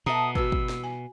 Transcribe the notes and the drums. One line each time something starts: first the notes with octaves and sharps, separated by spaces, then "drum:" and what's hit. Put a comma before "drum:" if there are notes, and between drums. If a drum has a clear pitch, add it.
B2 F#4 A4 E5 A#5 D#6
E3 G3 F#4 B4 E6, drum: kick
drum: kick
drum: snare
G#5